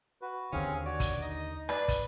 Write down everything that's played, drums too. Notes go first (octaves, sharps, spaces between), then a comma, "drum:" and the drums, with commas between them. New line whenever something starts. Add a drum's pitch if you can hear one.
F#4 B4
D#2 D3 C4 C#4 G#4 F5
F#4 C#5 D5
drum: kick, hi-hat
D#4 D#5
B4 D5, drum: rim click
drum: kick, hi-hat